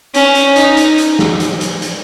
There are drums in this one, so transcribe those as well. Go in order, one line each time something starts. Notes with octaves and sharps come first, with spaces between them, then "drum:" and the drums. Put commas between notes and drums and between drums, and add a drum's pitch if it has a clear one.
C#4, drum: hi-hat
drum: hi-hat
D#4, drum: hi-hat
drum: hi-hat
drum: hi-hat
drum: snare
drum: hi-hat
drum: hi-hat
drum: hi-hat